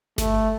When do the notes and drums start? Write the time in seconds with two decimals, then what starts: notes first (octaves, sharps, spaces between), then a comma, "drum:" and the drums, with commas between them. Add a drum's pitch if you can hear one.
0.18 A3, drum: snare G1